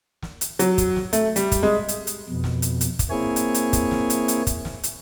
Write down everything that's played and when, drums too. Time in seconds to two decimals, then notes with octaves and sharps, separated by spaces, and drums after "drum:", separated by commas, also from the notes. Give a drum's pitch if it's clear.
0.23 drum: snare
0.41 drum: hi-hat
0.59 F#3, drum: hi-hat
0.78 drum: kick, hi-hat
0.96 drum: snare
1.13 A3, drum: hi-hat
1.36 G3, drum: hi-hat
1.52 drum: kick, hi-hat
1.63 G#3
1.88 drum: hi-hat
2.07 drum: hi-hat
2.29 F2 B2
2.44 drum: snare
2.62 drum: hi-hat
2.81 drum: hi-hat
2.99 drum: kick, hi-hat
3.10 A#3 C4 E4 G#4 C#5 G#5
3.36 drum: hi-hat
3.54 drum: hi-hat
3.73 drum: kick, hi-hat
3.91 drum: snare
4.10 drum: hi-hat
4.28 drum: hi-hat
4.47 drum: kick, hi-hat
4.65 drum: snare
4.83 drum: hi-hat